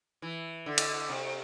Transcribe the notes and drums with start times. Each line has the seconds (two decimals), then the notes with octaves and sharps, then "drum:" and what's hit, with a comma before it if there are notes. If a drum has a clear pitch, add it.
0.22 E3
0.66 D3
0.78 drum: cymbal
1.09 C3